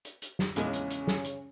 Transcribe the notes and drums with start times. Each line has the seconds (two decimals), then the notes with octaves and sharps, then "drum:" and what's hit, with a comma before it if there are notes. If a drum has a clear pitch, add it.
0.05 drum: hi-hat
0.22 drum: hi-hat
0.39 drum: snare
0.56 A#1 E2 C#3 G#3 C#4, drum: hi-hat
0.73 drum: hi-hat
0.90 drum: hi-hat
1.07 drum: snare
1.25 drum: hi-hat